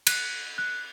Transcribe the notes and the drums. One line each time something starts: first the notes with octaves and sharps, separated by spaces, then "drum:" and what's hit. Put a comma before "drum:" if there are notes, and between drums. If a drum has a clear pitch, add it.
F#6, drum: cymbal
F#6